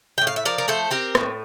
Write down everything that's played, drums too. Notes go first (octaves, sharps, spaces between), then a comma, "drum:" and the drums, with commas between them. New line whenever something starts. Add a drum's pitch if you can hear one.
A2 G5
F5
E5
F3 A#4 D5
A#4
A3 A4 C5
C4 G4 A#4
A2, drum: rim click